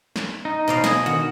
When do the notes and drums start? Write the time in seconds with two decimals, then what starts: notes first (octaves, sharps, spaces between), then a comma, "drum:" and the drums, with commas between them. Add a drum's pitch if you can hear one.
0.16 drum: snare
0.45 D#4
0.68 B2 D5 F5
0.84 D#5 G#5, drum: snare
1.06 D#3 F#4